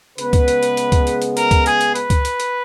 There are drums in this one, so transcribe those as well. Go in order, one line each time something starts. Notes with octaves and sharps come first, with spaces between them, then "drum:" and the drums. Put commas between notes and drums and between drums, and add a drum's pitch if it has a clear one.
C#3 G#3 B3 B4, drum: hi-hat
drum: kick C#2, hi-hat
drum: hi-hat
drum: hi-hat
drum: hi-hat
drum: kick C#2, hi-hat
drum: hi-hat
drum: hi-hat
A#4, drum: hi-hat
drum: kick C#2, hi-hat
G#4, drum: hi-hat
drum: hi-hat
B4, drum: hi-hat
drum: kick C#2, hi-hat
drum: hi-hat
drum: hi-hat